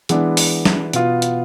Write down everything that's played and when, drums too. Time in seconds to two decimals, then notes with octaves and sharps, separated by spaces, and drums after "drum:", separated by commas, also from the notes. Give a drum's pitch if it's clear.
0.09 E3 G#3 B3 D4, drum: hi-hat
0.37 drum: open hi-hat
0.65 drum: snare
0.93 B2 B3 F4, drum: hi-hat
1.22 drum: hi-hat